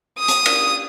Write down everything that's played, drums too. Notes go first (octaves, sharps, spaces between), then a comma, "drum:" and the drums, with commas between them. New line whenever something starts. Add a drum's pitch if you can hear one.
D#6
drum: hi-hat
drum: cymbal